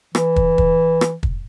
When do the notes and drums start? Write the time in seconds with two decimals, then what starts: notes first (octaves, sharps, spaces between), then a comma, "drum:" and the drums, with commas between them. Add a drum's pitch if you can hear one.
0.15 E3, drum: rim click
0.36 drum: kick
0.58 drum: kick
1.01 drum: rim click
1.23 drum: kick